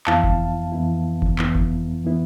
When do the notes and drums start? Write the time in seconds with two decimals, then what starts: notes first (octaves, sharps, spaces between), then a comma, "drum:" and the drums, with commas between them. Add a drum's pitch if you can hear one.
0.07 F2 E3 B3 E4 F5 A5, drum: clap
0.24 drum: kick F#1
0.72 F2 E3 B3 E4
1.22 drum: kick F#1
1.39 F2 E3 B3 E4, drum: clap
1.55 drum: kick F#1
2.05 E3 B3 E4